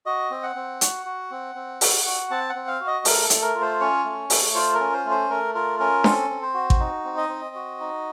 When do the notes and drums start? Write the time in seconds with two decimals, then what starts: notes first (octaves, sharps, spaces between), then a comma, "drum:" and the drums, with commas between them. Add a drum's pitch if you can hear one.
0.06 F#4 D#5
0.31 C4
0.43 F#5
0.56 C4
0.81 F#4, drum: hi-hat
1.06 F#4
1.31 C4
1.55 C4
1.81 F#4, drum: open hi-hat
2.06 F#4
2.30 C4 A5
2.49 F#5
2.55 C4
2.68 F5
2.81 F#4
2.87 D#5
3.05 A3 A#4, drum: open hi-hat
3.24 A4
3.30 A3, drum: hi-hat
3.42 A#4
3.55 F4
3.61 C5
3.80 C#4 C#5
4.04 A3
4.30 A3, drum: open hi-hat
4.55 F4 C5
4.74 A#4
4.80 C#4
4.93 C5
5.05 A3
5.11 C5
5.30 A3 A#4
5.55 F4 A#4
5.80 C#4 A#4
6.04 C4 A4, drum: snare D4
6.29 C4
6.42 C5
6.54 F#4
6.70 drum: kick A1
6.80 D#4
7.05 C4
7.17 D#5
7.29 C4
7.55 F#4
7.80 D#4